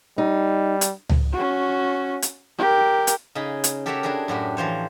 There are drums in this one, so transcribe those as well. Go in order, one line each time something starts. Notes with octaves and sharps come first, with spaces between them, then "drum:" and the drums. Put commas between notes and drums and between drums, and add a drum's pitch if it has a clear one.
G3 D#4
drum: hi-hat
drum: tom C#2
C#4 F#4
drum: hi-hat
G4 A#4
drum: hi-hat
C#3 D#4 G#4 B5
drum: hi-hat
G4 A4 A#4 C#5 E5 F#5
D4 E4 F#4 G#4 A#4
F#2 A2 F#4 G4
E3 F3 C5 C#5